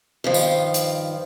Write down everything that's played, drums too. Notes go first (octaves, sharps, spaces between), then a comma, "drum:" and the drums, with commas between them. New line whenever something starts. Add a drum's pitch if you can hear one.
G2 D#3 F3
drum: tambourine
drum: hi-hat